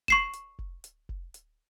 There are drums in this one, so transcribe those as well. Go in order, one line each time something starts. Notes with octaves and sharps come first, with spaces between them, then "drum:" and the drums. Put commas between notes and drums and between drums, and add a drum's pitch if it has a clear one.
C#6 C7 E7, drum: kick F1
drum: hi-hat
drum: kick F1
drum: hi-hat
drum: kick F1
drum: hi-hat